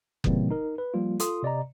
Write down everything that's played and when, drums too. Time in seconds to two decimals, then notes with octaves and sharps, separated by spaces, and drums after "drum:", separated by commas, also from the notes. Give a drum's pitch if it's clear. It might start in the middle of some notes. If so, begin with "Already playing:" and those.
0.24 A#2 C#3 E3 G3 A#3 C4, drum: kick F#1
0.50 D#4 A#4
0.78 B4
0.94 F3 G3 A#3 F4
1.20 F4 A4 C6 D#6, drum: hi-hat
1.43 C3 D5 D#5 A#5